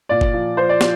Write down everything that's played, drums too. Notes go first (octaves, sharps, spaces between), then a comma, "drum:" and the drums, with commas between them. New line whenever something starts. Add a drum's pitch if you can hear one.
A#2 D5
drum: kick F#1
F3
F3 C5
D5
F3, drum: snare